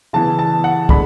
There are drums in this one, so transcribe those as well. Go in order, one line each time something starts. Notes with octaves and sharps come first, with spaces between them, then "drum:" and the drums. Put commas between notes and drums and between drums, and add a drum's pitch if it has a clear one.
C#3 E3 B3 E4 A5
A5
F#5
D3 G#3 B5, drum: kick